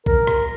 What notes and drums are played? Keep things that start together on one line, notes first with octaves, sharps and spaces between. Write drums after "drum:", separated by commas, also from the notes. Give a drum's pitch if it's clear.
A#4, drum: kick A#1
drum: rim click